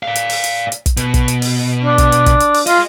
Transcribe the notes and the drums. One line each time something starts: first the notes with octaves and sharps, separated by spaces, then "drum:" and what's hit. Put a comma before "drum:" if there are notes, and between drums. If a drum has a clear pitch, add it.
D5 F5
drum: hi-hat
drum: open hi-hat
drum: hi-hat
drum: hi-hat
drum: kick, hi-hat
B2, drum: hi-hat
drum: kick, hi-hat
drum: hi-hat
drum: open hi-hat
D4
drum: kick, hi-hat
drum: hi-hat
drum: kick, hi-hat
drum: hi-hat
drum: open hi-hat
F4 G#4 D#5, drum: hi-hat